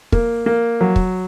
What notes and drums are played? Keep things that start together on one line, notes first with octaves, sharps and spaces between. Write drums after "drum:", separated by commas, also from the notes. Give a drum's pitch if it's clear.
A#3, drum: kick
A#3
F#3
drum: kick